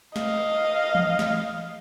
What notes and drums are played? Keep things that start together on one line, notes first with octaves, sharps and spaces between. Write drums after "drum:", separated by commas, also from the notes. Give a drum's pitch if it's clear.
D#5 F5, drum: snare
drum: tom E3
drum: snare